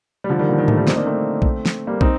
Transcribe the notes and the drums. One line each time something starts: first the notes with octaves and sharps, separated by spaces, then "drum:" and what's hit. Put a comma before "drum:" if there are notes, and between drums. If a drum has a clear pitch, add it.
G3
D3 F3
D#3 G3
A#2 D3
D#3 G3
F3 A3, drum: tom G#2
D#3 G3
C4 D#4, drum: snare
A#3 D4
A3 C4
drum: kick
drum: snare
G3 A#3
C4 D#4, drum: kick